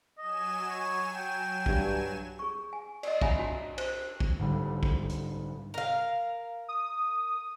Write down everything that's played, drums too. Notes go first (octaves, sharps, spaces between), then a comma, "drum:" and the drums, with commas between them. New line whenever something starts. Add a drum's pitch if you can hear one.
F#3 D#5 G#5 E7
C#5
G5
G2, drum: kick B1
G#4 C#6
G#5
D5 D#5, drum: cymbal
C#5 E5 G#5 A#5 B5, drum: kick B1
D4 F#4 A5 B5
C5, drum: cymbal
drum: kick B1
G#2 D3 G3
drum: kick B1
drum: hi-hat
A#4 F5
D#6